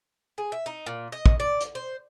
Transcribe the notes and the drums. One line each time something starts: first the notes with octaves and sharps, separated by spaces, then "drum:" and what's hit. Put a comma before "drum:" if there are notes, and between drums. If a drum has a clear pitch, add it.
G#4
E5
D#4
A#2
D#5
drum: kick
D5
drum: hi-hat
C5